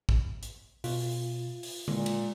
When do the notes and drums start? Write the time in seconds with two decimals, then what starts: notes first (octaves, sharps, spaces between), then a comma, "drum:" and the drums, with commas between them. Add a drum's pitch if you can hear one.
0.09 drum: kick A1
0.43 drum: hi-hat
0.84 B2 F4, drum: open hi-hat
1.63 drum: open hi-hat
1.88 A#2 G#3, drum: tom D3
2.06 drum: cymbal